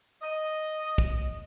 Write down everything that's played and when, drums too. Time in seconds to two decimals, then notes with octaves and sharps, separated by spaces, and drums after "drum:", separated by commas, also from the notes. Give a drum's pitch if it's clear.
0.22 D#5
0.98 drum: kick